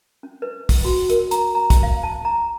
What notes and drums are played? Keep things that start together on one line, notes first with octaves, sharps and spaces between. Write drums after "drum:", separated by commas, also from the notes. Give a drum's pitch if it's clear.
C#4
B4
drum: kick, open hi-hat
F#4
A#4, drum: hi-hat
A#5, drum: hi-hat
A#5
drum: kick, hi-hat
F5
A5
A#5